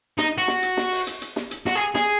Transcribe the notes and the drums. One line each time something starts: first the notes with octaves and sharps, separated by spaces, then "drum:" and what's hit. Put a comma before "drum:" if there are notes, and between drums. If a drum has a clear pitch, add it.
D#4, drum: snare
F#4
drum: snare
drum: hi-hat
drum: snare
drum: open hi-hat
drum: hi-hat
drum: hi-hat
drum: snare
drum: hi-hat
F#4, drum: snare
G#4
G#4, drum: snare